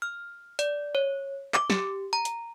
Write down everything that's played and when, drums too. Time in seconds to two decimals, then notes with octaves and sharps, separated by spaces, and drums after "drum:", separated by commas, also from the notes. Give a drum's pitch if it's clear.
0.02 F6
0.59 D5, drum: hi-hat
0.95 C#5
1.54 D6, drum: clap
1.70 G4, drum: snare
2.13 A#5
2.25 drum: hi-hat